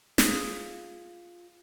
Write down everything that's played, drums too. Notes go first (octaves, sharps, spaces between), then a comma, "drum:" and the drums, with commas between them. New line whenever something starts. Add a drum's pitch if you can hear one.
F4 G#4, drum: snare